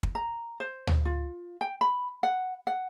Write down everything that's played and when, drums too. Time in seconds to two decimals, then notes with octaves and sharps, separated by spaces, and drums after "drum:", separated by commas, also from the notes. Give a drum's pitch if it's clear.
0.03 drum: kick
0.15 A#5
0.60 C5
0.87 drum: tom D2
1.05 F4
1.61 G5
1.81 B5
2.23 F#5
2.67 F#5